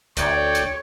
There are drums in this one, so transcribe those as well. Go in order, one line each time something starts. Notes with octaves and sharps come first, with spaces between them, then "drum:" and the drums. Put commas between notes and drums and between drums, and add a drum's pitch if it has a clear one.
D2 C#5 D5 G5, drum: hi-hat
drum: hi-hat